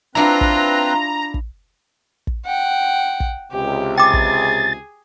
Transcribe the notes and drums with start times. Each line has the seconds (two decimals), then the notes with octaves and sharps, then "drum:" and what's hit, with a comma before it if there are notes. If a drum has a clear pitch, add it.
0.15 C4 D4 E4 F4 B4 A#5
0.41 drum: kick
1.34 drum: kick
2.27 drum: kick
2.46 F#5 G5
3.20 drum: kick
3.51 C#2 C3 G4
3.98 G#4 G5 D6 A6
4.13 drum: kick